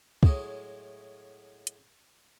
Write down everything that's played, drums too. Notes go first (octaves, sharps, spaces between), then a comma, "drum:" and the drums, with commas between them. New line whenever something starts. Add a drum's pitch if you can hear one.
A2 F#3 G#3 D#5, drum: kick
drum: hi-hat